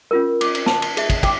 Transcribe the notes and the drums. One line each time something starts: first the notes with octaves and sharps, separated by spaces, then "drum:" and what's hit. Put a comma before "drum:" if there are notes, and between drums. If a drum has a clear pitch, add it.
C#4 F4 A#4
D6, drum: cymbal
drum: cymbal
A5, drum: snare
drum: cymbal
G#4 E5, drum: cymbal
drum: kick, cymbal
G5 D6, drum: kick, cymbal